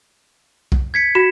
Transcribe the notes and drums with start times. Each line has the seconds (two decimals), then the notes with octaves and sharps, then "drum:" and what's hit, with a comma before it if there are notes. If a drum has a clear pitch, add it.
0.72 drum: kick B1
0.94 G#6 B6 C#7
1.15 F#4 E7